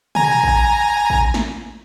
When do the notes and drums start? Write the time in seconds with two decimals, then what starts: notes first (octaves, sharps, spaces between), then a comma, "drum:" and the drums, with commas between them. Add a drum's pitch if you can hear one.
0.15 G#5 A#5, drum: tom
0.43 drum: kick A1
1.10 drum: kick A1
1.34 drum: snare